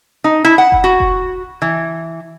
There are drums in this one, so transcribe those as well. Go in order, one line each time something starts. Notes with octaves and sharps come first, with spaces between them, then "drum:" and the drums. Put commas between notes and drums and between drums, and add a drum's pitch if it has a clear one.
D#4
E4
F#5
drum: kick F1
F#4
drum: kick F1
E3